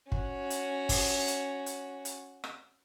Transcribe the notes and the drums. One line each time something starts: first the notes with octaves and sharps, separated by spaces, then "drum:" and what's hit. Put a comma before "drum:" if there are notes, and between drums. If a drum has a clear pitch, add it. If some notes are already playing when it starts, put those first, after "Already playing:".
C#4 F#4, drum: kick
drum: hi-hat
drum: kick, open hi-hat
drum: hi-hat
drum: hi-hat
drum: hi-hat
drum: rim click